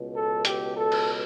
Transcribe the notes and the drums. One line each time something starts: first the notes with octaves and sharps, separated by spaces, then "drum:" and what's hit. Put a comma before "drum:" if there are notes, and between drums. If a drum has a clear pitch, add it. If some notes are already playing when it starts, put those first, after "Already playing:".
Already playing: C#2 B2
A4
G4, drum: hi-hat
A4
drum: cymbal